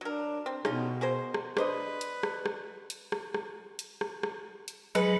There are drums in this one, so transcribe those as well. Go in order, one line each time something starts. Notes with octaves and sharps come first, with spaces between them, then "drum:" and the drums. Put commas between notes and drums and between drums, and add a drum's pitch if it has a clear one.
F#3 D4 A#4
C4
B2 C#4 D#4 F4, drum: rim click
G#4 A#4 C5
drum: rim click
D4 B4 C5 D#5, drum: rim click
drum: hi-hat
drum: rim click
drum: rim click
drum: hi-hat
drum: rim click
drum: rim click
drum: hi-hat
drum: rim click
drum: rim click
drum: hi-hat
F#3 G#3 B4